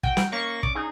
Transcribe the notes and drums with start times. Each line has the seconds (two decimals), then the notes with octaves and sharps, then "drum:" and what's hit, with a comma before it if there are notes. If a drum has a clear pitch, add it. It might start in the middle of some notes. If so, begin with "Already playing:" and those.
0.03 F#4 G5, drum: kick
0.17 drum: snare
0.32 A#3 C#4 C#6
0.63 D6, drum: kick
0.75 D#4 G#4